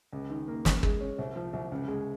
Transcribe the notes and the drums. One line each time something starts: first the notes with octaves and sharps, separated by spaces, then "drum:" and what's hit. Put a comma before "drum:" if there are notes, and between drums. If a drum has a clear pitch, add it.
C#2
D#3
A#3
C#2, drum: snare
G#3, drum: kick
C#4
C2
F3
C2
C#2
G#3